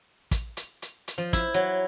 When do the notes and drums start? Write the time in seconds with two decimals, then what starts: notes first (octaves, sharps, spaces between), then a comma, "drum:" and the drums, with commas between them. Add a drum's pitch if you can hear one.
0.31 drum: kick, hi-hat
0.57 drum: hi-hat
0.82 drum: hi-hat
1.08 drum: hi-hat
1.18 F3
1.33 E4, drum: kick, hi-hat
1.54 F#3